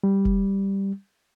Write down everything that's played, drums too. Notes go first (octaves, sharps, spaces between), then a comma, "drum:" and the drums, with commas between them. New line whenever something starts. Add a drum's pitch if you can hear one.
G3
drum: kick